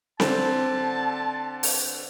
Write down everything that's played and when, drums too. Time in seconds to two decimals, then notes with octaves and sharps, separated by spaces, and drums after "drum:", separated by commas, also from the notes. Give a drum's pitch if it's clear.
0.20 D3 C4 A5, drum: snare C4
1.63 drum: open hi-hat